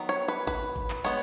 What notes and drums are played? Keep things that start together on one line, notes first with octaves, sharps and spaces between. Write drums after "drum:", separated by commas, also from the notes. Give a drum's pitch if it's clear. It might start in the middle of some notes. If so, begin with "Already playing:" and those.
Already playing: D#3 F#3 B3
C#5
B4
B4, drum: kick G#1
drum: kick G#1
drum: clap
G#3 B3 C#5